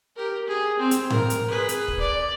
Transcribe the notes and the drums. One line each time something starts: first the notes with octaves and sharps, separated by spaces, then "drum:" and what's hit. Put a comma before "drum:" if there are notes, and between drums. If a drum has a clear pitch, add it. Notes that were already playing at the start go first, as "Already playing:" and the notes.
G4 A#4
G#4
C4
drum: hi-hat
A#4, drum: tom G#2
drum: hi-hat
G#4 B4
drum: hi-hat
drum: kick
D5